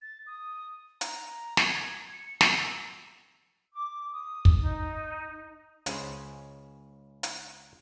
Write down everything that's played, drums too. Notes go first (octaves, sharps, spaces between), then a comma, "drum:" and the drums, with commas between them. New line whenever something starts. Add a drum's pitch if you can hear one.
A6
D#6
A#5, drum: hi-hat
G#6, drum: snare
C#7
E6, drum: snare
D6
D#6
drum: kick
D#4
C#2 C#4 G#4 C5, drum: hi-hat
drum: hi-hat